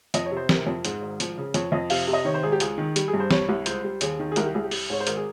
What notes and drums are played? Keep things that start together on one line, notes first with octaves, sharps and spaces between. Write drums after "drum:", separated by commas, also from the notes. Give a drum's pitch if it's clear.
F2 D#5, drum: hi-hat
C#5
C3
C5
C3 A#4, drum: snare
F2
G#2, drum: hi-hat
G#1
F3, drum: hi-hat
C#3
F2 C#5, drum: hi-hat
F2 D#5
C3 F5, drum: open hi-hat
C3
D#5
D#3 C#5
C5
G#1 G#4
G4
C#2 G#4, drum: hi-hat
D#3
G3, drum: hi-hat
G#4
G2
C5
G3 C#5, drum: snare
C2
C#2 C5, drum: hi-hat
G3
D#2 G#4, drum: hi-hat
D#3
G#4
C2 A#4, drum: hi-hat
G4
C2 G#4
G4
G3, drum: open hi-hat
G#2 C#5
C5
G#1 A#4, drum: hi-hat
G#4